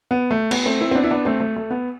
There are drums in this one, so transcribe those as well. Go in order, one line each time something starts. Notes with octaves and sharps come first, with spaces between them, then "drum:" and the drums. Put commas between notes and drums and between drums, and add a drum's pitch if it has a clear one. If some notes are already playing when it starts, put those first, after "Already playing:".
B3
A3
B3, drum: cymbal
A3 C4
C4 E4
C4
B3 D4
E4
B3 D4
A3 C4
A3
A3
B3